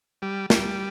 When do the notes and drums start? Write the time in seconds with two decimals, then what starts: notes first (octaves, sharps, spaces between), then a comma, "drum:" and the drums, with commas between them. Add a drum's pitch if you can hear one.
0.22 G3
0.50 G3, drum: snare